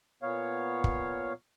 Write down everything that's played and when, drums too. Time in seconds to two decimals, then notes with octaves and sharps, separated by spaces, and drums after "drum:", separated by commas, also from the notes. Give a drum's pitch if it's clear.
0.22 A#2 B3 C#5 F5
0.84 drum: kick